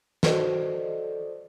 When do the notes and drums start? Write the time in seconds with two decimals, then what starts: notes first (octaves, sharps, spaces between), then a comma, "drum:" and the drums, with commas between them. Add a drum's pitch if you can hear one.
0.23 F#4 A4 C5 D5 D#5, drum: snare